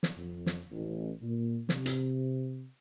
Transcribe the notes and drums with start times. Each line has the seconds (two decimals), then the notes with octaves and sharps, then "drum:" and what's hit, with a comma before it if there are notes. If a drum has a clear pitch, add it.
0.03 drum: snare
0.17 F2
0.46 drum: snare
0.71 A1
1.22 A#2
1.69 C3, drum: snare
1.86 drum: hi-hat